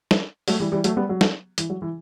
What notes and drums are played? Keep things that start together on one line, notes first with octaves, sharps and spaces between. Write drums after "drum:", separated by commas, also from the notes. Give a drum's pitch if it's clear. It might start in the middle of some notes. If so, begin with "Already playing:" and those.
drum: snare
F#3 A3, drum: open hi-hat
E3 G3
E3 G3
F#3 A3, drum: hi-hat
G3 B3
F#3
drum: snare
E3, drum: hi-hat
F#3
E3